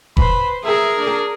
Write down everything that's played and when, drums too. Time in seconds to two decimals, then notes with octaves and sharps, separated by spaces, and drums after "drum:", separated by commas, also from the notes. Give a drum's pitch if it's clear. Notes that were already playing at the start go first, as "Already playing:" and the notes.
0.17 B4 C5 B5, drum: kick F1
0.65 G#4 A#4 E5
0.97 D4